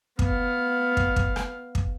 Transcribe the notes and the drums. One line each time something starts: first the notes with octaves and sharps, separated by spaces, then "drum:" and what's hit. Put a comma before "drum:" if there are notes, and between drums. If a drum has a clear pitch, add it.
B3 F5, drum: kick
drum: kick
drum: kick
drum: rim click
drum: kick